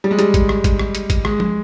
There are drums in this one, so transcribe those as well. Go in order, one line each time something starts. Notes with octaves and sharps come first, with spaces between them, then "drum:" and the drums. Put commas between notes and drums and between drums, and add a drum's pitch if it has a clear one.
G3
G#3
G3, drum: hi-hat
drum: kick G1, hi-hat
drum: rim click
drum: kick G1, hi-hat
drum: rim click
drum: hi-hat
drum: kick G1, hi-hat
G#3, drum: rim click
drum: tom F3